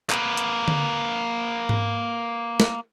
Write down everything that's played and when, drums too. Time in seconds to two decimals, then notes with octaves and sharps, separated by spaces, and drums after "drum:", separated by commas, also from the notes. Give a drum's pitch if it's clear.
0.10 A#3 B4, drum: clap
0.37 drum: hi-hat
0.68 drum: tom D3
1.69 drum: tom G#2
2.60 drum: snare